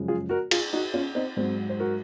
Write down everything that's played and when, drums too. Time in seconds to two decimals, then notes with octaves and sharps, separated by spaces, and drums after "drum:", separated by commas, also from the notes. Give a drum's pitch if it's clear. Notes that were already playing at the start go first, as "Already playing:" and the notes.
Already playing: F#2 C#3 F3 G#3
0.08 F4 G#4
0.29 F#4 A#4
0.51 F4 G#4, drum: cymbal
0.73 D#4 F#4
0.94 C#4 F4
1.15 C4 D#4
1.37 G#2 F#3 C4
1.69 C5
1.80 F#4 A#4